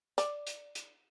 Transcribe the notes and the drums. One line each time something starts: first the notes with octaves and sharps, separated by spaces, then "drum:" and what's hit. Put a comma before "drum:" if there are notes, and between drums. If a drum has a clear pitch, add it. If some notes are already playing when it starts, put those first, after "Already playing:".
D5, drum: hi-hat
drum: hi-hat
drum: hi-hat